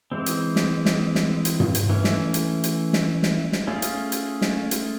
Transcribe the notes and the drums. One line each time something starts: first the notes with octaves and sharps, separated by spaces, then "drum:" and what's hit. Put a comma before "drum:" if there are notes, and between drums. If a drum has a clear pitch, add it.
E3 G#3 C4
drum: hi-hat
drum: snare
drum: snare
drum: snare
drum: hi-hat
drum: tom
drum: hi-hat
E3 A3 C#4
drum: snare
drum: hi-hat
drum: hi-hat
drum: snare
drum: snare
drum: snare
A3 C#4 F4 G#4
drum: hi-hat
drum: hi-hat
drum: snare
drum: hi-hat